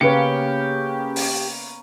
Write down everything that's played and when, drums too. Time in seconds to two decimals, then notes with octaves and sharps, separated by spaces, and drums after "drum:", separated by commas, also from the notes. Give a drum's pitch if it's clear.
0.01 C#3 A#3 B3 C#4 G4 B4 C#7
1.16 drum: open hi-hat